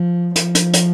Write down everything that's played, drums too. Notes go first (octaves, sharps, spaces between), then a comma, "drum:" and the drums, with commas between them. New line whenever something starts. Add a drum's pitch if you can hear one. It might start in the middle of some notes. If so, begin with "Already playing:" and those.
Already playing: F3
F3, drum: hi-hat
drum: hi-hat
drum: hi-hat